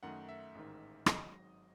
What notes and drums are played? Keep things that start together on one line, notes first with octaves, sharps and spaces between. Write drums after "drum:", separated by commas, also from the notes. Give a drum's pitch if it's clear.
F#2 D#3 A3 D#4 F#5
E5
A1 G#2 D#3
G#1 G#2 F#3 D#5, drum: rim click